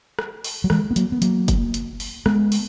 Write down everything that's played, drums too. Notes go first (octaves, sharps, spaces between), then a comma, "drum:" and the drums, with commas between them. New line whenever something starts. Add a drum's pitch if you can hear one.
drum: rim click
drum: open hi-hat
F#3
E3 G#3, drum: rim click
B3
F#3 A#3, drum: hi-hat
B3
F#3 A#3, drum: hi-hat
drum: kick, hi-hat
drum: hi-hat
drum: open hi-hat
G#3 B3, drum: rim click
drum: open hi-hat